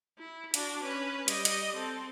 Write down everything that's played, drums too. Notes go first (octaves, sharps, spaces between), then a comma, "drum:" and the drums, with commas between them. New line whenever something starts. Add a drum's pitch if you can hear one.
E4
D4 F#4, drum: hi-hat
C#4 B4
G3 D#5, drum: hi-hat
drum: hi-hat
C4 A4